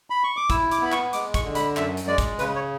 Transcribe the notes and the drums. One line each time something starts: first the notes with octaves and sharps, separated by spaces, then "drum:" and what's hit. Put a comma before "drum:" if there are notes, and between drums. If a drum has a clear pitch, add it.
B5
C#6
D6
E4 E6, drum: kick, hi-hat
D6, drum: hi-hat
B3 B5
C#6, drum: clap
G#3 D6, drum: hi-hat
C#6, drum: kick, hi-hat
D3
B5, drum: hi-hat
F#2 E5, drum: clap
drum: hi-hat
G#3 D5
drum: kick, hi-hat
C#3 B4, drum: hi-hat
C#5